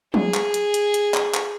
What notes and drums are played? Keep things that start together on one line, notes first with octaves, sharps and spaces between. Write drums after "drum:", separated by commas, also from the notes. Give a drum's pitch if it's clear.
G#4, drum: tom
drum: clap
drum: hi-hat
drum: hi-hat
drum: hi-hat
drum: clap
drum: clap